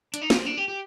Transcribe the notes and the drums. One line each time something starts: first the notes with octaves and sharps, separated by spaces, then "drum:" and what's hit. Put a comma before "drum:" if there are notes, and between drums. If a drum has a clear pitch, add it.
D4, drum: hi-hat
D#4
F4, drum: snare
C4
D4
G4
G4